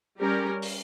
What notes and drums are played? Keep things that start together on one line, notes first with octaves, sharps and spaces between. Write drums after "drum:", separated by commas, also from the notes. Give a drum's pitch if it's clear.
G3 C#4 G4 A#4
drum: open hi-hat